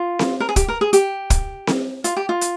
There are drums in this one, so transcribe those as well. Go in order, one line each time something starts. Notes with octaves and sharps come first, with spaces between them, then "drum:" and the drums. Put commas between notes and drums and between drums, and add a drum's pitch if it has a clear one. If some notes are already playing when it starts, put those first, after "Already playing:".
Already playing: F4
drum: snare C4
A#4
G#4
G4, drum: kick, hi-hat
A#4
G#4
G4, drum: hi-hat
drum: kick, hi-hat
drum: snare C4
F4, drum: hi-hat
G4
F4
drum: hi-hat